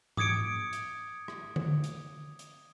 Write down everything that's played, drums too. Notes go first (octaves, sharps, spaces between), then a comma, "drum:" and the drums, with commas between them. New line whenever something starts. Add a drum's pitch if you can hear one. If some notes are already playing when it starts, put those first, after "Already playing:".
D6 D#6 G#6 C#7 D7, drum: tom G#2
drum: hi-hat
drum: rim click
drum: tom D3
drum: hi-hat
drum: hi-hat